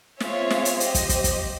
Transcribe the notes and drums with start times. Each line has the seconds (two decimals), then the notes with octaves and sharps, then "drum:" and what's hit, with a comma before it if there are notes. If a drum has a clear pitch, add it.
0.20 C4 F4 G#4 C#5 E5, drum: snare
0.50 drum: snare
0.65 drum: hi-hat
0.80 G4 C5 D#5, drum: hi-hat
0.95 drum: kick, hi-hat
1.09 drum: kick, hi-hat
1.24 drum: kick, hi-hat